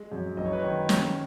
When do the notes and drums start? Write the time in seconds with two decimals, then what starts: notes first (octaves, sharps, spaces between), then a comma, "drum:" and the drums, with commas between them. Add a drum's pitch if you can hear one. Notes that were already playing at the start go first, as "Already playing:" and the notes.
Already playing: G#3
0.12 F#2
0.37 F#1 D#5
0.45 C#5
0.53 B4
0.60 D#3 C#5
0.89 C#4, drum: snare